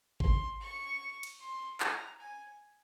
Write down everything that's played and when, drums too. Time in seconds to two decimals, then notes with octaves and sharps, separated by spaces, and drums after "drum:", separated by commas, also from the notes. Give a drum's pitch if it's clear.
0.20 C6, drum: kick G1
0.61 C#6
1.23 drum: cymbal
1.40 C6
1.80 A#5, drum: clap
2.20 G#5